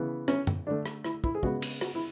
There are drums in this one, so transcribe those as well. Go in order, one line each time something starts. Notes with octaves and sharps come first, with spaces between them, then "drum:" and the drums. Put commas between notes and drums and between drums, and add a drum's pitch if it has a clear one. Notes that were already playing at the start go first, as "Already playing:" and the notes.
Already playing: C#3 E3 B3
C#4, drum: rim click
drum: tom F#2
D3 A3 D4
drum: rim click
E4, drum: rim click
E4, drum: kick
G#4
C#3 G#3 B3 F#4, drum: kick
drum: cymbal
F#4, drum: rim click
E4